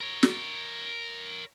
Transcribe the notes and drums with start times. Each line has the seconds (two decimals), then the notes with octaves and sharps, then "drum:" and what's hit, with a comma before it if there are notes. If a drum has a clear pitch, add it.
0.01 A#4 C#5
0.23 drum: snare